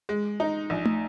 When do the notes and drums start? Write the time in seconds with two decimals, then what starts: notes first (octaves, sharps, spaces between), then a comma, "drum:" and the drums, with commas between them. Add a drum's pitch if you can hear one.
0.09 G#3
0.40 D#4
0.70 A#1
0.85 drum: tom